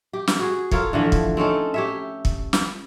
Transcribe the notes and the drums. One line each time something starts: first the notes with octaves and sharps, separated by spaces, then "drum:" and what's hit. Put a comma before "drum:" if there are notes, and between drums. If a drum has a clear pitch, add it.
G4
drum: snare
F#4 G#4
F4 A4 A#4 C#5, drum: kick
D3 E3 F3 A3
drum: kick
C4 C#4 D#4 A4
G4 C#5 E5
drum: kick
drum: snare